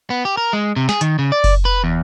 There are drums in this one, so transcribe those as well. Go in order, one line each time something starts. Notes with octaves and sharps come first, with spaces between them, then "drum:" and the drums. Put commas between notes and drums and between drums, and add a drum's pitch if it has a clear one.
B3
G4
A#4
G#3
C3
G#4, drum: snare
D#3, drum: hi-hat
C#3
D5
drum: kick F#1, open hi-hat
B4
E2